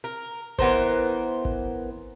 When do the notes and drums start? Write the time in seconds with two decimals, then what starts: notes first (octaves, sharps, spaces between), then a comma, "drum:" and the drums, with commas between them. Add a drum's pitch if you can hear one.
0.04 A#4
0.59 E3 B3 A#4 C5, drum: kick G#1
1.45 drum: kick G#1